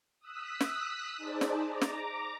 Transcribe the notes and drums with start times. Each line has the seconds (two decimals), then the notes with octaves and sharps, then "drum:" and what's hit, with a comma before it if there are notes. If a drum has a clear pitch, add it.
0.19 D#6 E6 F#6 B6
0.60 drum: snare
1.17 D#4 G#4 C5 D5 A5
1.41 drum: snare
1.61 A#5 D6
1.81 drum: snare